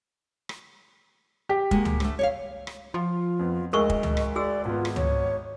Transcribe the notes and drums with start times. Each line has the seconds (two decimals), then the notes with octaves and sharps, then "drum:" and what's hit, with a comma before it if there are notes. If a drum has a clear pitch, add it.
0.49 drum: rim click
1.49 G4
1.71 G#3 A#3 F#4, drum: kick
1.85 drum: tom C#2
2.00 D2 A3, drum: rim click
2.19 C#5 D5 F5
2.67 drum: rim click
2.94 F3 F4 C6
3.39 F2 B3
3.73 D2 G#3 A#4 D#5 C#6 E6
3.90 drum: kick
4.03 drum: tom C#2
4.17 drum: rim click
4.36 F#4 G#4 D5 E6
4.65 G#1 B3 F4
4.85 drum: rim click
4.96 C#5, drum: tom C#2